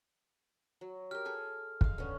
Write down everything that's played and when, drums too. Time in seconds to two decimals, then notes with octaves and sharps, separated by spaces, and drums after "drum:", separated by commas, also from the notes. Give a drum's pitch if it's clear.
0.81 F#3
1.11 G4 A#4 F6
1.25 G#4 A4 G#5
1.81 G#3 F5, drum: kick
1.98 D3 B3 C#4